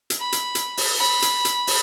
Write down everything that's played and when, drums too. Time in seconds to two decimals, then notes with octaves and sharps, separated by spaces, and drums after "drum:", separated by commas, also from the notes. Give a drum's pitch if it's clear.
0.10 drum: hi-hat
0.20 B5
0.32 drum: hi-hat
0.55 drum: hi-hat
0.77 drum: open hi-hat
1.00 B5
1.22 drum: hi-hat
1.45 drum: hi-hat
1.67 drum: open hi-hat